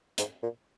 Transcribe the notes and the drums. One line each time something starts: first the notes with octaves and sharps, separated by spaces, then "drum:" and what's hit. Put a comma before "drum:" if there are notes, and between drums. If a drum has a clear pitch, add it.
G#2, drum: hi-hat
A#2